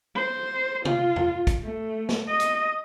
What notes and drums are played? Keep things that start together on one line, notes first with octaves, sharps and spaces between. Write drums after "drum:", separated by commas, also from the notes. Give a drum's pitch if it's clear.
C5
F4, drum: tom C3
drum: tom E2
drum: kick, hi-hat
A3
drum: snare
D#5
drum: hi-hat